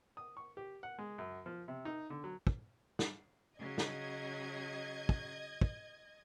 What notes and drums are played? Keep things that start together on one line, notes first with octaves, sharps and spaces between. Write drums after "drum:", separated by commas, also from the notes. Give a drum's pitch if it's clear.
D#6
C#6
G4
F#5
G#3
F#2
F3
C3
D#4
D3
F#3
drum: kick
drum: snare
C#3 F#3 D#5 G#6
drum: snare
drum: kick
drum: kick